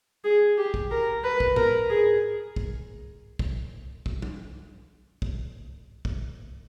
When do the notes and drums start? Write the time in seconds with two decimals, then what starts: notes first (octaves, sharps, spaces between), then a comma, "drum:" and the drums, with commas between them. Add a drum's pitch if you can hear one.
0.24 G#4
0.58 G4
0.74 drum: kick
0.91 A#4
1.24 B4
1.40 drum: kick
1.56 A#4, drum: tom G#2
1.90 G#4
2.56 drum: kick
3.39 drum: kick
4.06 drum: kick
4.22 drum: tom F#3
5.22 drum: kick
6.05 drum: kick